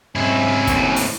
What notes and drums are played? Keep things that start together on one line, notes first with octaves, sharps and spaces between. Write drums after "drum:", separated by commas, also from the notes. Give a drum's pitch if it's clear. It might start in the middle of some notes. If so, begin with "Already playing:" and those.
G#2 C3 C4 C#4 E4
D#2 A2, drum: kick, hi-hat
drum: open hi-hat